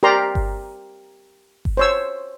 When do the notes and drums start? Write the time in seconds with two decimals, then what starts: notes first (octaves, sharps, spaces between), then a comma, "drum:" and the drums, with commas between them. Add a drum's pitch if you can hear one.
0.03 G4 A#4 D5 A#5 C6
0.35 drum: kick G1
1.65 drum: kick G1
1.77 C5 C#5 E6